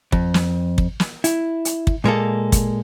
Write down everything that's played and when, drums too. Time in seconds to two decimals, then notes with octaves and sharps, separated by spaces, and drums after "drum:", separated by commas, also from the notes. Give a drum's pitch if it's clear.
0.12 F2, drum: kick
0.34 drum: snare
0.78 drum: kick
1.00 drum: snare
1.24 E4, drum: hi-hat
1.65 drum: hi-hat
1.87 drum: kick
2.04 A#2 G#3 A#3 A4
2.52 drum: kick, hi-hat